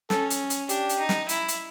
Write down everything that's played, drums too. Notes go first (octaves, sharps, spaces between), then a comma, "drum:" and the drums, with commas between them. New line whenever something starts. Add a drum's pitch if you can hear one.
C#4 A4, drum: snare
drum: hi-hat
drum: hi-hat
D4 G4, drum: hi-hat
drum: hi-hat
D#4
drum: snare
E4, drum: hi-hat
drum: hi-hat